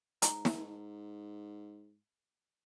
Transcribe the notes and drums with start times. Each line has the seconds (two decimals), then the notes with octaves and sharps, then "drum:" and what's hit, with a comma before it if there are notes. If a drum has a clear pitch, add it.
0.22 G#2 A#5, drum: hi-hat
0.45 drum: snare